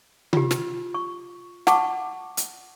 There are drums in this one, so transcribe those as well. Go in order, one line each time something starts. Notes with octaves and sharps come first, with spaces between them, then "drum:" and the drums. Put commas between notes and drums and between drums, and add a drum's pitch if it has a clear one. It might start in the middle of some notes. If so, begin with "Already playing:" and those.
F4 G4, drum: tom C3
drum: snare
C#6
F#5 A5 C#6 D6, drum: snare
drum: hi-hat